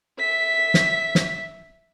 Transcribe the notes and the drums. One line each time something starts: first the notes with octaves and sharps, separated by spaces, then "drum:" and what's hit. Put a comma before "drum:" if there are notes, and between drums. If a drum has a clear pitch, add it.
E5 B6
drum: snare
drum: snare